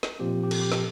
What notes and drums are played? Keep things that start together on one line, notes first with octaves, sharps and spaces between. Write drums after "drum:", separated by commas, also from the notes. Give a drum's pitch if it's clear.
drum: snare
A#2 F3 C4 G4
G4
A4, drum: cymbal
G4
A4, drum: snare